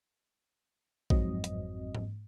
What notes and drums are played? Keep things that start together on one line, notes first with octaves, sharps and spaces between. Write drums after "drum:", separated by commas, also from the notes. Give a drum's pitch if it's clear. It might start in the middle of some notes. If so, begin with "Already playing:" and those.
G1 F2 G#2 F#3 C4 D#5, drum: kick A#1
drum: hi-hat
drum: tom G#2